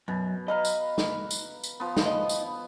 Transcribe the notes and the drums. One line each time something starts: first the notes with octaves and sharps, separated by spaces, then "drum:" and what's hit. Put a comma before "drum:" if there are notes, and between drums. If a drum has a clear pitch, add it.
F#2 B2
B4 D#5 F5 A#5
drum: tambourine
drum: snare
drum: tambourine
drum: tambourine
F3 B3
drum: snare
D#5
drum: tambourine